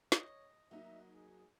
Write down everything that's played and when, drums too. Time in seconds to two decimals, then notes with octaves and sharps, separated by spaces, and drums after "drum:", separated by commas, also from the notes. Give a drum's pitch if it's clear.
0.12 C#5 D#5, drum: snare
0.71 F#3 A#3 D#4 F#4 E5
1.13 G#4